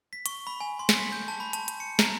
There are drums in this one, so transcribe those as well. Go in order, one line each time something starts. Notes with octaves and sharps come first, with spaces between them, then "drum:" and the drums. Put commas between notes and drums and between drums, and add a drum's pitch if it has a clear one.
B6
C#6, drum: hi-hat
B5
G#5
C6
drum: snare
B6
G6
A5
B5
A5, drum: hi-hat
drum: hi-hat
C#7
A#5, drum: snare